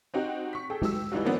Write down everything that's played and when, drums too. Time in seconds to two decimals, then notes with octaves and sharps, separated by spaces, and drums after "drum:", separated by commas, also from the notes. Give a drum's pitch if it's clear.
0.14 C4 D#4 F#4 G4
0.53 C#6 B6
0.70 G#4 A4 G5
0.82 G4 E6, drum: tom G#3
1.12 E3 G3 D#4 F4 F#4
1.25 D#3 F3 A#3 B3 C#4 D4